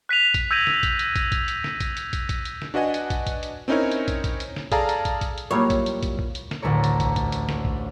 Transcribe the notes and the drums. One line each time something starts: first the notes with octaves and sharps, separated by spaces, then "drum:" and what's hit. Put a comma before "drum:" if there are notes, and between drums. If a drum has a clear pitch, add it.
F#6 B6 D#7 F7
drum: kick, hi-hat
E6 G6 G#6 A#6 D#7
drum: snare
drum: kick, hi-hat
drum: hi-hat
drum: kick, hi-hat
drum: kick, hi-hat
drum: hi-hat
drum: snare
drum: kick, hi-hat
drum: hi-hat
drum: kick, hi-hat
drum: kick, hi-hat
drum: hi-hat
drum: snare
D4 F#4 B4 D#5 F#5 G#5
drum: hi-hat
drum: kick, hi-hat
drum: kick, hi-hat
drum: hi-hat
C4 C#4 D#4 E4 A#4 C#5
drum: hi-hat
drum: kick, hi-hat
drum: kick, hi-hat
drum: hi-hat
drum: snare
G#4 A4 D5 F5 A5 A#5, drum: kick, hi-hat
drum: hi-hat
drum: kick, hi-hat
drum: kick, hi-hat
drum: hi-hat
F#3 G3 A#3 E4 F4 C#5
drum: kick, hi-hat
drum: hi-hat
drum: kick, hi-hat
drum: kick
drum: hi-hat
drum: snare
A1 D2 A3 A#4 C#5
drum: hi-hat
drum: kick, hi-hat
drum: kick, hi-hat
drum: hi-hat
drum: snare
drum: kick